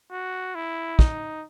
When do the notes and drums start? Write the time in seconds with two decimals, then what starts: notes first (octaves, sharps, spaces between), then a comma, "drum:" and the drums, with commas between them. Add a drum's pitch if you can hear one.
0.11 F#4
0.55 E4
0.99 D#4, drum: kick